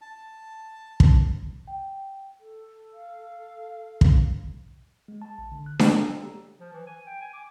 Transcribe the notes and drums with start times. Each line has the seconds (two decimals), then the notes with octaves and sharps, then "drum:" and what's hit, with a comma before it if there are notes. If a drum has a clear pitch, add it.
0.01 A5
1.00 drum: kick
1.67 G5
2.40 A4
2.94 F5
4.01 drum: kick
5.08 G#3
5.22 A5
5.38 A#1
5.52 D3
5.66 F#6
5.79 A#5, drum: snare D4
5.94 E6
6.11 A#5
6.23 G4
6.60 F3
6.73 E3
6.87 G#5
7.06 G5
7.21 G#5
7.33 D6